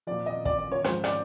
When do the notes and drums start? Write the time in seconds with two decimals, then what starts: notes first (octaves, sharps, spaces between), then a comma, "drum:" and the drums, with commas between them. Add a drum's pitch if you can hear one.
0.07 A#2 F3 D5
0.26 D#5
0.45 D5, drum: kick
0.58 D5
0.72 C#5
0.84 G#2 F3 C5, drum: rim click
1.04 D5, drum: rim click